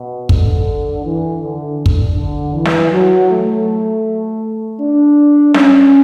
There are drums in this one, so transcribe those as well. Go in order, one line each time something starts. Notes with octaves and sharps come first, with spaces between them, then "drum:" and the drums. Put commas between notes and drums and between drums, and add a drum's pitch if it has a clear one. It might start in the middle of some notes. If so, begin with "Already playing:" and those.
Already playing: B2
D3, drum: kick
E3
D3
drum: kick
D3
E3
drum: snare
F#3
A3
D4
C#4, drum: snare